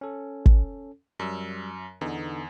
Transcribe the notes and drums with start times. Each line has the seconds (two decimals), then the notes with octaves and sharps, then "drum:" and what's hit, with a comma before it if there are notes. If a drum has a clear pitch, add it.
0.01 C#4 A4
0.46 drum: kick
1.19 F#2 G3 E6
2.01 E2 D3 B3 D#4